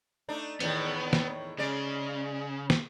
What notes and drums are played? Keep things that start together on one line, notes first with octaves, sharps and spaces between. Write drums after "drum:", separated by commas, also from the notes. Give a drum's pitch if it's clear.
A3 D4 D#4
E2 A2 D#3 B3, drum: hi-hat
drum: snare
C#3 G#3 D5
drum: snare